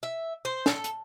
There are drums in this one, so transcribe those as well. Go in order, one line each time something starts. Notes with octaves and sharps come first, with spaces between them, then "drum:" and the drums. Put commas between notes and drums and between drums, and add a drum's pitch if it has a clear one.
E5
C5
A4, drum: snare
drum: hi-hat